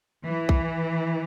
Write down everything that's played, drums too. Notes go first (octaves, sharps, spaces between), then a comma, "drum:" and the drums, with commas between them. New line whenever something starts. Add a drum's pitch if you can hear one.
E3
drum: kick B1